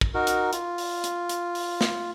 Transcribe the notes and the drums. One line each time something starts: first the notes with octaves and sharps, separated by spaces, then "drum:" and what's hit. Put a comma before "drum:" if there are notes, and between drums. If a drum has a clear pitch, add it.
drum: kick
D#4 F#4 A#4
drum: hi-hat
F4, drum: hi-hat
drum: open hi-hat
drum: hi-hat
drum: hi-hat
drum: open hi-hat
drum: snare